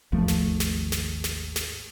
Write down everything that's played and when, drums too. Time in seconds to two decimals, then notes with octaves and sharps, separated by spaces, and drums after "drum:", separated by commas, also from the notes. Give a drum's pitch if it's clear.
0.12 G#1 D#2 F3 A3
0.28 drum: snare
0.60 drum: snare
0.92 drum: snare
1.24 drum: snare
1.56 drum: snare